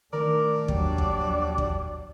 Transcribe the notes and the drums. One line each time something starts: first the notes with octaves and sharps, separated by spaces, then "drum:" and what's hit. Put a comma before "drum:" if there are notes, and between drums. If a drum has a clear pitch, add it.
D#3 A3 D4 A#4 D5
D#2 F#3 G3 D4, drum: kick
drum: kick
drum: kick